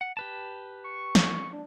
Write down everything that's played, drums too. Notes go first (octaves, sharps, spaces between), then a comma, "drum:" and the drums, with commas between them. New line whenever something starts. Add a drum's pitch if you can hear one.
F#5
G4 B4 A5
C#6
drum: snare
D4